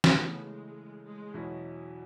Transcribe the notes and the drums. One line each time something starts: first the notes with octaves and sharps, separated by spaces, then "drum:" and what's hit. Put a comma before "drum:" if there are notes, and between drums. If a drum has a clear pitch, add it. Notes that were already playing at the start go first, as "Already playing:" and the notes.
drum: snare
C#3 E3 A3 B3
G#3
G#3
E2 B2 F#3 C#4 E4